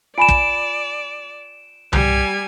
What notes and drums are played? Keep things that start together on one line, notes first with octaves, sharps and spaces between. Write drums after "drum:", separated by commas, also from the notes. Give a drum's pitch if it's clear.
F4 D5 G#5 B5 D7 E7
drum: kick
G3 G#5, drum: tom C2